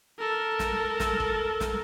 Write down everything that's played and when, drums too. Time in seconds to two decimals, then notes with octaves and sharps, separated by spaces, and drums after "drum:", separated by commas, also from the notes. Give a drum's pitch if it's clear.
0.19 A4 A#4
0.59 drum: snare
1.00 drum: snare
1.20 drum: kick
1.60 drum: snare